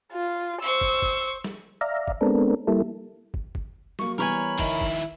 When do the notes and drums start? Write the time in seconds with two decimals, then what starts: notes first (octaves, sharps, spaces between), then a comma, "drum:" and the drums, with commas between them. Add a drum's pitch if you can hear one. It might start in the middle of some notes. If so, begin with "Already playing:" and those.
0.13 F4
0.62 C5 C#6 E6
0.81 drum: kick
1.02 drum: kick
1.44 drum: snare
1.81 D5 E5 F5 A#5
2.08 drum: kick
2.21 G#3 B3 C4 D4 A4 A#4
2.67 G3 A#3 E4 A4
3.34 drum: kick
3.55 drum: kick
3.99 F#3 A#3 C#6, drum: snare
4.18 E3 G3 B3 A#4 C#5 G#5 B5
4.59 D#3 E4 D#5 E5, drum: kick
4.81 drum: kick